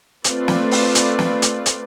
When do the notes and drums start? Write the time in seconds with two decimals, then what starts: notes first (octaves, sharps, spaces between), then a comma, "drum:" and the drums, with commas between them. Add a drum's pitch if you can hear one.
0.24 A3 C4 F4 B4 D5, drum: hi-hat
0.48 drum: snare
0.71 drum: open hi-hat
0.95 drum: hi-hat
1.19 drum: snare
1.42 drum: hi-hat
1.66 drum: hi-hat